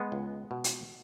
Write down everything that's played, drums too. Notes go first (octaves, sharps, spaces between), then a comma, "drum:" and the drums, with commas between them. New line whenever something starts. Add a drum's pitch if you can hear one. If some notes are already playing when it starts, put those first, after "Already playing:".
Already playing: G#3 B3
C#2
B2
drum: hi-hat